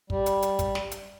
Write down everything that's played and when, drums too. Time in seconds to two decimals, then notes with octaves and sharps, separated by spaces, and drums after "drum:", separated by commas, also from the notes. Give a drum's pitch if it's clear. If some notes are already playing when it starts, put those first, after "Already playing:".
0.10 G3, drum: kick
0.26 drum: hi-hat
0.42 drum: hi-hat
0.59 drum: kick, hi-hat
0.75 drum: snare
0.91 drum: hi-hat